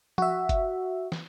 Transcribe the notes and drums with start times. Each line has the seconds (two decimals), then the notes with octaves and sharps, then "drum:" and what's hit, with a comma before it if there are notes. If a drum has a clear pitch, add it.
0.18 F#4 E5, drum: tom F3
0.49 drum: kick F#1, hi-hat
1.12 drum: snare